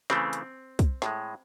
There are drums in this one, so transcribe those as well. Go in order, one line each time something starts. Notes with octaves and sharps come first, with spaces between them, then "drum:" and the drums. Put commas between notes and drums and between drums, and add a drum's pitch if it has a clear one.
C#3 E3 A3 C4, drum: snare
drum: hi-hat
drum: kick, hi-hat
A2 G#3, drum: snare